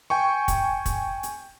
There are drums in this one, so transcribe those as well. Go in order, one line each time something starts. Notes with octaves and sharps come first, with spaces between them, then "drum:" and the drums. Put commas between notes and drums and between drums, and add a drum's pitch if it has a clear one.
G5 G#5 C#6
drum: kick, hi-hat
drum: kick, hi-hat
drum: hi-hat